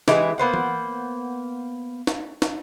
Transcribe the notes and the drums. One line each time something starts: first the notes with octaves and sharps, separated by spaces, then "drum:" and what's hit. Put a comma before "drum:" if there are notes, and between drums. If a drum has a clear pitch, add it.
E3 G#3 E4 G4, drum: snare
A#3 B3 C5 F#5
drum: tom E3
drum: snare
drum: snare